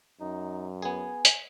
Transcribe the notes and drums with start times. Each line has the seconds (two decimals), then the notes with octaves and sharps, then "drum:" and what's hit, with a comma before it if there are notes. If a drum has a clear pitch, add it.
0.20 F#2 D#4
0.82 B3 G#4 G#5
1.25 drum: hi-hat